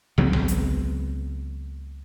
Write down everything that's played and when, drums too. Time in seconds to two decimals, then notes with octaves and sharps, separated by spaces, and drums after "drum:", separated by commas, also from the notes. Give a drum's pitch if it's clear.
0.18 C#2 F#3 B3 C4
0.33 drum: tom A1
0.48 drum: hi-hat